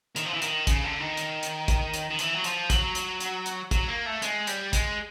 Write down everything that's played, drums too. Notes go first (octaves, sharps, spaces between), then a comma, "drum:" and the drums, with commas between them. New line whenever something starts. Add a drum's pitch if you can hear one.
D#3, drum: hi-hat
F3
E3
D#3, drum: hi-hat
C#3, drum: kick, hi-hat
D3
D#3
drum: hi-hat
drum: hi-hat
drum: kick, hi-hat
drum: hi-hat
D#3
E3, drum: hi-hat
F#3
F3, drum: hi-hat
F#3, drum: kick, hi-hat
drum: hi-hat
drum: hi-hat
drum: hi-hat
F#3, drum: kick, hi-hat
A#3
A3
G#3, drum: hi-hat
G3, drum: hi-hat
G#3, drum: kick, hi-hat